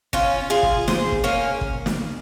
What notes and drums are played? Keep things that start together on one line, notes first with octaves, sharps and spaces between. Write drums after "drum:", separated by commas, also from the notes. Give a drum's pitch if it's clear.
C#4 F4, drum: kick
F4 G#4
drum: kick
G#4 C5, drum: snare
drum: kick
A#3 C#4
drum: kick
drum: snare